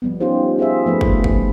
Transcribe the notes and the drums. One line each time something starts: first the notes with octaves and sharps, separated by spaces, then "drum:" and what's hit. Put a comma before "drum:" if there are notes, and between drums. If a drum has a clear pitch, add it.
F3 G3 B3
C#4 D#4 F4 G4 C5
F4 G#4 C5 E5
F3 A3 B3 B4
drum: kick G1
drum: kick G1